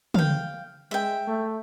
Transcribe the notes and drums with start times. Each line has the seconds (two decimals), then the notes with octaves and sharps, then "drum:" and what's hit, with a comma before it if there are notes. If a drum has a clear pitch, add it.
0.14 F5 G5, drum: tom
0.91 G#3 E5 G5
1.27 A3